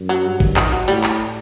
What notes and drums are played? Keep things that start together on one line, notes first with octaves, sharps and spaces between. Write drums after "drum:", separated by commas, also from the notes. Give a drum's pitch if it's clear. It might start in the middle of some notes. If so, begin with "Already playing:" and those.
Already playing: F#2
F#3
G2
drum: kick G#1
D#3, drum: clap
F#3
A2 G3
drum: clap